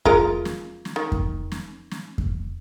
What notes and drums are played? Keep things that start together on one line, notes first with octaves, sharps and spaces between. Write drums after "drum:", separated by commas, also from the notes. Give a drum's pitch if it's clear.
G#3 F4 A#4, drum: kick F2
drum: snare
drum: snare
D#3
drum: kick F2
drum: snare
drum: snare
drum: kick F2